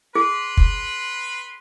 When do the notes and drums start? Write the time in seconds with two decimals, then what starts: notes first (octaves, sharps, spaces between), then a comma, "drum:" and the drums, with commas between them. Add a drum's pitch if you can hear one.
0.15 G#4 B4 B5 C6
0.57 drum: kick